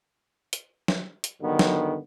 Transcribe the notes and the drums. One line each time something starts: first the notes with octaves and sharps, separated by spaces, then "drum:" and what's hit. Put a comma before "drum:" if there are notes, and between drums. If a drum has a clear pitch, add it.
drum: hi-hat
drum: snare
drum: hi-hat
G2 D3 D#3 F#3 B3
drum: snare